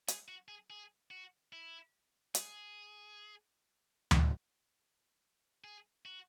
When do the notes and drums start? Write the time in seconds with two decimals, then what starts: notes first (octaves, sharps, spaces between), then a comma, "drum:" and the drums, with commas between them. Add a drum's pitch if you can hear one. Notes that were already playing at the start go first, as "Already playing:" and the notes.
0.08 G#4, drum: hi-hat
0.28 F#4
0.48 G#4
0.70 G#4
1.11 F#4
1.52 E4
2.35 G#4, drum: hi-hat
4.11 drum: tom D2
5.64 G#4
6.06 F#4